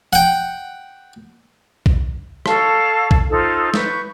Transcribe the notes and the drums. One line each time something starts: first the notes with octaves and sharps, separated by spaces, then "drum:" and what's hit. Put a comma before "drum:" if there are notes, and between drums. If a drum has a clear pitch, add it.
F#5 G5
drum: kick
A4 C#5 F5 A5, drum: rim click
drum: kick
D#4 F4 A4 C5
B4 C#6 G6, drum: snare